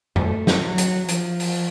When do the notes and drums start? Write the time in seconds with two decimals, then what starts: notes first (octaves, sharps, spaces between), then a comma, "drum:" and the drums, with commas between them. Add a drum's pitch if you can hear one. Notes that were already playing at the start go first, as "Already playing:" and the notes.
0.16 A3, drum: tom F#2
0.47 drum: snare
0.63 F#3
0.78 drum: hi-hat
1.08 F3, drum: hi-hat
1.40 drum: open hi-hat